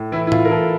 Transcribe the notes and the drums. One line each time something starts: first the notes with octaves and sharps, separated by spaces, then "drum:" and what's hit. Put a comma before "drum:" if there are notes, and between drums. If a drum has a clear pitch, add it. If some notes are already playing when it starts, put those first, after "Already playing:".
Already playing: A2
E3 E4
E4
F4, drum: tom A2
A#4
E3 A4